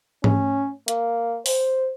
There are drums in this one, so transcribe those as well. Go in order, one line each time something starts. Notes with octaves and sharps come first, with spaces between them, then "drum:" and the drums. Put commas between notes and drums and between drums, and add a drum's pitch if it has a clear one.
C#4, drum: tom G#2
A#3, drum: hi-hat
C5, drum: open hi-hat